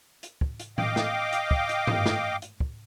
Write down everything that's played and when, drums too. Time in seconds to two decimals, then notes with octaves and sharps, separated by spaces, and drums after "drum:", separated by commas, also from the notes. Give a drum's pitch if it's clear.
0.23 drum: hi-hat
0.41 drum: kick
0.60 drum: hi-hat
0.78 D#5 F5 G5 D6, drum: tom A2
0.96 drum: snare
1.33 drum: hi-hat
1.51 drum: kick
1.69 drum: hi-hat
1.87 drum: tom
2.06 drum: snare
2.42 drum: hi-hat
2.60 drum: kick